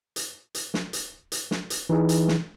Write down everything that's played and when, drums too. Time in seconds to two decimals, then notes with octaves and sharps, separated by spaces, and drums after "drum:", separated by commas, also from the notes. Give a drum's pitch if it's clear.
0.16 drum: hi-hat
0.55 drum: hi-hat
0.74 drum: snare
0.93 drum: hi-hat
1.32 drum: hi-hat
1.51 drum: snare
1.70 drum: hi-hat
1.89 E3 D#4 G#4
2.09 drum: hi-hat
2.28 drum: snare